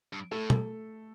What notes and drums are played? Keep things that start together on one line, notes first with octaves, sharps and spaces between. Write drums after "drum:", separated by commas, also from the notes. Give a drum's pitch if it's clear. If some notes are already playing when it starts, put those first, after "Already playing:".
G2
A2 A3 A4
drum: tom